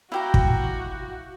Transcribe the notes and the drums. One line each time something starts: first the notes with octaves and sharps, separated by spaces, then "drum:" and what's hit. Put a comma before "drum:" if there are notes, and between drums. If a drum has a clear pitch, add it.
E4 F#4 G4 F5 G5 A#5
drum: kick